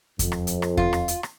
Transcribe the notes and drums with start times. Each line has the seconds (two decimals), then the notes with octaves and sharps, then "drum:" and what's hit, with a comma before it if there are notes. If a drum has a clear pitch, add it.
0.19 F2, drum: kick E2, hi-hat
0.32 drum: rim click
0.47 drum: hi-hat
0.62 drum: rim click
0.77 F4, drum: kick E2
0.93 drum: rim click
1.08 drum: hi-hat
1.23 drum: rim click